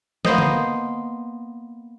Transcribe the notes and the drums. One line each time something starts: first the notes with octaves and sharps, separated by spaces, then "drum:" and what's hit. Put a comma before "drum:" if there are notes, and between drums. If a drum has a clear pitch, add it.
A#3 B3 C5 D#5, drum: snare
drum: tom D3